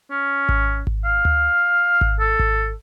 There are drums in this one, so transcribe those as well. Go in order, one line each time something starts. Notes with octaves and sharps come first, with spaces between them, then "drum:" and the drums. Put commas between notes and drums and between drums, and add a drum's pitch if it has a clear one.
C#4
drum: kick G#1
drum: kick G#1
F5
drum: tom D2
drum: kick G#1
A4
drum: kick G#1